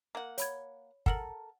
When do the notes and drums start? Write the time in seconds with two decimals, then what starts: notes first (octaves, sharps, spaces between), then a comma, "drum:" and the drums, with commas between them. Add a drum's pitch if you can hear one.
0.15 A#3 F#5
0.38 C#5 B5 G#6, drum: hi-hat
1.06 A4 A#4 F#5 F6 F#7, drum: kick